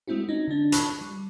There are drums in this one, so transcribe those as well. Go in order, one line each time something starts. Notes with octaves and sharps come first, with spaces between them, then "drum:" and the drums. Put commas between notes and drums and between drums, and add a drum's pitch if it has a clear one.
G#3 A3 C4 E4 F#4
C#4 D#4
D3 D4
A5 B5 C#6 F#6, drum: hi-hat
G3